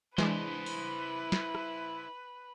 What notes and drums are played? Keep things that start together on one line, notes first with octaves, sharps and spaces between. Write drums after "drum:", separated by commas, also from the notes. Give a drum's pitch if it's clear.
E3 G#3 D4 E4 B4 C5, drum: snare
drum: open hi-hat
drum: snare
drum: rim click